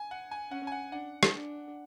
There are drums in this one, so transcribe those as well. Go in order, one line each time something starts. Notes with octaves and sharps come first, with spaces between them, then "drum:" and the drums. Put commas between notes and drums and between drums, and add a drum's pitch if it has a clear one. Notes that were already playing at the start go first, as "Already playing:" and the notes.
Already playing: G#5
F#5
G#5
C#4 F#5
G#5
F#5
D4 F#5
drum: rim click
D4